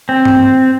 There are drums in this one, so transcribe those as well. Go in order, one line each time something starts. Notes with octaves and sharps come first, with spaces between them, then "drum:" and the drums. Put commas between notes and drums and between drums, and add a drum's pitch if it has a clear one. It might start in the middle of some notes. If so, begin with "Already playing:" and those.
C4
drum: tom G2